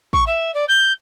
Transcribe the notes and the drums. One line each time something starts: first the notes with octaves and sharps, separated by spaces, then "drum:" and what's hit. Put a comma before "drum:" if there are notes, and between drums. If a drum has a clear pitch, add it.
C#6, drum: kick
E5
D5
G6